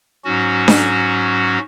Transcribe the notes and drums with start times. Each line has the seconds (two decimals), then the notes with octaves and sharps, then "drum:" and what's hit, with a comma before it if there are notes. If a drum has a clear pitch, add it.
0.24 G#2 F#3 C#4 F#4
0.68 drum: snare D4